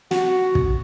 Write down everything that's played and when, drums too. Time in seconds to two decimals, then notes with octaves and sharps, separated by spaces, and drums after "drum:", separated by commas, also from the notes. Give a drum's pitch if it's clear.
0.11 F#4, drum: snare
0.55 drum: kick